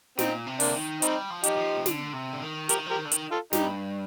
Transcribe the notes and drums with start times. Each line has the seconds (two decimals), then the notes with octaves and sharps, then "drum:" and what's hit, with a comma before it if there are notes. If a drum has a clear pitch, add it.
0.19 A#2 C4 D#4, drum: snare
0.46 C3
0.60 A#3 D4, drum: open hi-hat
0.67 D3
0.74 D#3
1.02 G3 C4 D#4, drum: hi-hat
1.30 F3
1.44 D#4 G4, drum: hi-hat
1.57 F3
1.76 C3
1.86 D3, drum: snare
2.13 C3
2.33 D3
2.42 D#3
2.69 F3 G4 A#4, drum: hi-hat
2.78 D#3
2.86 F3 G4 A#4
2.97 D#3
3.05 D3
3.12 D#3, drum: hi-hat
3.32 F4 A4
3.53 G2 D#4 G4, drum: snare